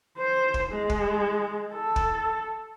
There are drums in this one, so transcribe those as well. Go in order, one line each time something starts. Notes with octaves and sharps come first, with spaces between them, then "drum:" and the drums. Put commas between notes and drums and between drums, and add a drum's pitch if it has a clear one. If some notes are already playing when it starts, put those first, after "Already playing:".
C5
drum: kick
G#3
drum: kick
A4
drum: kick